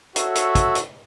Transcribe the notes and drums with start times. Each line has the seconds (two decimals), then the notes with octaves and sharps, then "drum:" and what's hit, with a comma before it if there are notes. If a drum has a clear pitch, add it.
0.16 F#4 A4 C#5 E5, drum: hi-hat
0.35 drum: hi-hat
0.55 drum: kick, hi-hat
0.75 drum: hi-hat